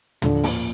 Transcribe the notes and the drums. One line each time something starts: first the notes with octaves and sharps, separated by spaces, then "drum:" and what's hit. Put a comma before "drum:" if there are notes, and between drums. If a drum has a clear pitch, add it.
D3 F3, drum: tom
A#2, drum: open hi-hat